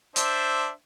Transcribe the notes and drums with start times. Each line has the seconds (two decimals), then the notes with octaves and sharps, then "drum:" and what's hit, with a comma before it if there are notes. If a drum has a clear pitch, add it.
0.16 D4 C5 E5, drum: hi-hat